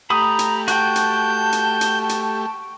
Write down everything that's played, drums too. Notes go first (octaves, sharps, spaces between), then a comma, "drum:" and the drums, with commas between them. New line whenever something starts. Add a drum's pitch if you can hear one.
A3 G4 A#5 B5 D#6
drum: hi-hat
F#4 G5 A5 G6, drum: hi-hat
drum: hi-hat
drum: hi-hat
drum: hi-hat
drum: hi-hat